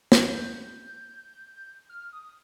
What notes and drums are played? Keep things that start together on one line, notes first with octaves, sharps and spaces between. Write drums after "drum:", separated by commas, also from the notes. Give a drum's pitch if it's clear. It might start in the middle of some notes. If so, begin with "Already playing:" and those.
G6, drum: snare
F6
D#6